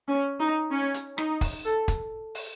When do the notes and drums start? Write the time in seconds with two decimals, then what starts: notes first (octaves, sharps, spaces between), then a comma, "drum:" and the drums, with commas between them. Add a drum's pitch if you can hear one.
0.08 C#4
0.40 D#4
0.71 C#4
0.94 drum: hi-hat
1.18 D#4, drum: rim click
1.41 drum: kick, open hi-hat
1.65 A4
1.88 drum: kick, hi-hat
2.35 drum: open hi-hat